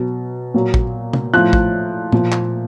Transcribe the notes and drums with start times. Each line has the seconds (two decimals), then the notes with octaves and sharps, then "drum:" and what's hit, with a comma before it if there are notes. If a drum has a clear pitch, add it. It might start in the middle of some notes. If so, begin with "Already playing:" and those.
Already playing: B2 F#3
0.54 A#2 F#3
0.74 drum: kick A1
1.13 drum: tom
1.34 A2 F3 F#6
1.53 drum: kick A1
2.12 A#2 F3, drum: tom
2.32 drum: clap